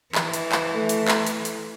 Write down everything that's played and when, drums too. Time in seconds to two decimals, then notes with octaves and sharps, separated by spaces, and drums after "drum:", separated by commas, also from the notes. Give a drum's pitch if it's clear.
0.15 E3, drum: clap
0.33 drum: hi-hat
0.52 drum: clap
0.75 A3
0.89 drum: hi-hat
1.08 drum: clap
1.27 drum: hi-hat
1.45 drum: hi-hat